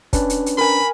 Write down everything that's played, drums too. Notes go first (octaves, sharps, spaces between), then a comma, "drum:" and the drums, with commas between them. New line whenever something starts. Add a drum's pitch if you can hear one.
C#4 D4 B4, drum: kick, hi-hat
drum: hi-hat
drum: hi-hat
A#4 G#5 B5